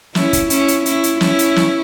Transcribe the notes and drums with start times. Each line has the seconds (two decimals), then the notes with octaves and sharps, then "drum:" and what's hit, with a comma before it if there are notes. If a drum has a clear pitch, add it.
0.15 C#4 E4, drum: snare
0.33 drum: kick, hi-hat
0.50 C#4 E4, drum: hi-hat
0.68 drum: hi-hat
0.86 C#4 E4, drum: hi-hat
1.03 drum: hi-hat
1.21 C#4 E4, drum: snare
1.39 drum: hi-hat
1.56 drum: snare